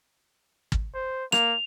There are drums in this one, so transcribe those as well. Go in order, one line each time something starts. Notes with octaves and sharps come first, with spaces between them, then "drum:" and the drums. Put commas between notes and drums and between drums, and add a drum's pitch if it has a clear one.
drum: kick
C5
A#3 F7, drum: rim click